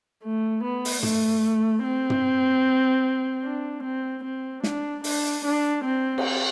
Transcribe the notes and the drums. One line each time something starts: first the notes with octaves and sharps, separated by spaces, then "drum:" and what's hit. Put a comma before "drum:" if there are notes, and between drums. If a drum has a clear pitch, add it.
A3
B3
drum: open hi-hat
A3, drum: tom
C4
drum: tom
D4
C4
C4
D4, drum: snare
D4, drum: open hi-hat
D4
C4
drum: cymbal